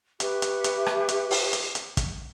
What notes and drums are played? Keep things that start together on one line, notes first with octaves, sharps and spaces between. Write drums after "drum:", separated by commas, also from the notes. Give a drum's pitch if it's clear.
G4 B4 E5 C#6, drum: hi-hat
drum: hi-hat
drum: hi-hat
drum: rim click
drum: hi-hat
drum: open hi-hat
drum: hi-hat
drum: hi-hat
drum: kick, hi-hat